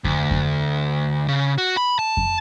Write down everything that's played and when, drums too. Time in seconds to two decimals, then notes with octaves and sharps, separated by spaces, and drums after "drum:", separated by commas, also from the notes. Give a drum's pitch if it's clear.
0.04 D2, drum: kick F2
0.31 drum: kick F2
1.28 C#3
1.58 F#4
1.77 B5
1.99 A5
2.17 drum: kick F2